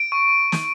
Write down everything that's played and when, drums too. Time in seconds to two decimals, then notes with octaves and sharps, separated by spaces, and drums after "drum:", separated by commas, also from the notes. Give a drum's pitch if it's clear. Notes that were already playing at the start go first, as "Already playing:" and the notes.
Already playing: D7
0.12 C#6
0.52 drum: snare